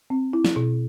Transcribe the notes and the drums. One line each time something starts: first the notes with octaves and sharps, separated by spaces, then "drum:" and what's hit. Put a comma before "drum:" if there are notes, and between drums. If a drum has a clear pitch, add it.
C4
E4
drum: snare
B2